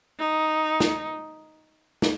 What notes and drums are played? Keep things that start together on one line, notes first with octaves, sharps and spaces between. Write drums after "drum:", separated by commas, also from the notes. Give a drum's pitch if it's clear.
D#4
drum: snare
drum: snare